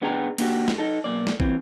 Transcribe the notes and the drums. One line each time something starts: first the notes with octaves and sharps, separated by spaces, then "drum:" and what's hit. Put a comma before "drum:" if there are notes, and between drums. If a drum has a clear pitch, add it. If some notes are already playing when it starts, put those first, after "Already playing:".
D2 B3 D4 G#4 G5 A#5
A#3 B3 D4 D#4 F#4 G4, drum: cymbal
drum: snare
D#4 A4
B1 A#2 A#3 D5
drum: snare
E3 C4, drum: kick